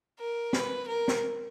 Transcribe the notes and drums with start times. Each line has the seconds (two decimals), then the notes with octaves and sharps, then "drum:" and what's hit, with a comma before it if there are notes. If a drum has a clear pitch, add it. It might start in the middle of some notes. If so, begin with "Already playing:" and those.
0.19 A#4
0.53 B4, drum: snare
0.87 A#4
1.08 drum: snare